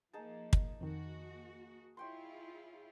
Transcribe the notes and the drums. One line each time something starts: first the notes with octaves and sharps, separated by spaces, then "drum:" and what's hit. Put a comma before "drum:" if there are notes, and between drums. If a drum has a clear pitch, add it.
F3 A#3 D#4 G#4 A5
drum: kick
F2 D#3 A#3 F#4
E4 F4 G#4 C#5 G5 C6